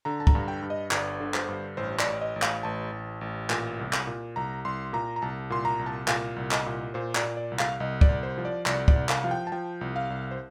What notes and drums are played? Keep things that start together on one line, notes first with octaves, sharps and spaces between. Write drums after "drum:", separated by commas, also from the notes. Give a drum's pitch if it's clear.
D3 A#5
A5
A#5, drum: kick
G2
G5
G2
D#5
G1 D5, drum: clap
D3
C5, drum: clap
G2
A1 C5
D5, drum: clap
A1
D#5
A1
F5, drum: clap
A1 A5
A1
A1
A#2, drum: clap
C2
drum: clap
A#2
C2 A#5
C2 C6
A#2 A#5
A#5
C2 A5
A#2 C6
A#5
C2
A5
A#2 F5, drum: clap
C2
D#5, drum: clap
A#2
A#2 C5
D5, drum: clap
A#2
D5
C2
F5, drum: clap
C2 D#5
D5, drum: kick
C2
C5
F3
D5
C2 D5, drum: clap
D5, drum: kick
C2
F5, drum: clap
F3 F5
G5
A5
F3 G5
C2
F5
C2
C5